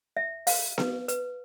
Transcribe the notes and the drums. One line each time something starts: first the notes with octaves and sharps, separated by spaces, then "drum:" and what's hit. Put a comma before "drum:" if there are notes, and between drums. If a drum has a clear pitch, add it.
E5
F5, drum: open hi-hat
B4, drum: snare B3
B4, drum: hi-hat